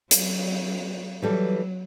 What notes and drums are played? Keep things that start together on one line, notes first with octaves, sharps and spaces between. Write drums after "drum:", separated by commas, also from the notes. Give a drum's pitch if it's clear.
F#3, drum: hi-hat
E3 F#3 G3 A4